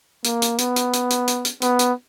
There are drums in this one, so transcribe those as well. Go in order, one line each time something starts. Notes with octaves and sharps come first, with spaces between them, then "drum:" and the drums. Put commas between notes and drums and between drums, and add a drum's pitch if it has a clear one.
A#3, drum: hi-hat
drum: hi-hat
B3, drum: hi-hat
drum: hi-hat
drum: hi-hat
drum: hi-hat
drum: hi-hat
drum: hi-hat
B3, drum: hi-hat
drum: hi-hat